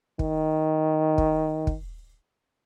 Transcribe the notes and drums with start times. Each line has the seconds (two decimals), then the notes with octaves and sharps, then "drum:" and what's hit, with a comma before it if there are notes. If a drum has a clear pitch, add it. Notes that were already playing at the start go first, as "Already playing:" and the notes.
0.19 D#3, drum: kick
1.18 drum: kick
1.67 drum: kick